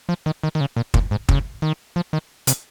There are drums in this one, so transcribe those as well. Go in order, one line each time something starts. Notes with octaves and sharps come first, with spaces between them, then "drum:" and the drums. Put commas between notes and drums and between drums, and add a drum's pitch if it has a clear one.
F3
D#3
D#3
D#3
C#3
A#2
A#2, drum: kick
G#2
C#3, drum: kick
D#3
F3
D#3
C3, drum: hi-hat